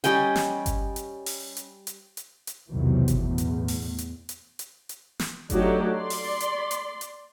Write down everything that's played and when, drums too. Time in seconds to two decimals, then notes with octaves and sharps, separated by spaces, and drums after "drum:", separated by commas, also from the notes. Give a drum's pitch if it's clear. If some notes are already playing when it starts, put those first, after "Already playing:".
0.04 G3 C#4 D#5 G5, drum: hi-hat
0.36 drum: snare
0.66 drum: kick G1, hi-hat
0.96 drum: hi-hat
1.26 drum: open hi-hat
1.57 drum: hi-hat
1.87 drum: hi-hat
2.17 drum: hi-hat
2.47 drum: hi-hat
2.71 B1 E2 C3 D#3 E3 F#3
3.08 drum: kick G1, hi-hat
3.23 E2 A2
3.38 drum: hi-hat
3.68 drum: open hi-hat
3.98 drum: hi-hat
4.29 drum: hi-hat
4.59 drum: hi-hat
4.89 drum: hi-hat
5.19 drum: snare
5.50 F#3 A3 D4 D#4 F#4 G4, drum: kick G1, hi-hat
5.94 D5 C6
6.10 drum: open hi-hat
6.40 drum: hi-hat
6.71 drum: hi-hat
7.01 drum: hi-hat